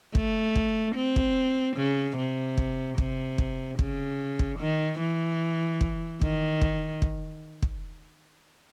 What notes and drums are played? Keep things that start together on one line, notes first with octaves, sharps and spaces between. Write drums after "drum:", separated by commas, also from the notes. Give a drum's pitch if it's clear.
A3, drum: kick
drum: kick
C4
drum: kick
C#3
C3
drum: kick
C3, drum: kick
drum: kick
C#3, drum: kick
drum: kick
D#3
E3
drum: kick
D#3, drum: kick
drum: kick
drum: kick
drum: kick